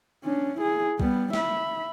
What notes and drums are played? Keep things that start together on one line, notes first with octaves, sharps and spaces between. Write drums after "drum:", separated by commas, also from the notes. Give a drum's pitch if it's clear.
C#4 D4
E4 G#4
G3 B3, drum: kick
E5 B5, drum: snare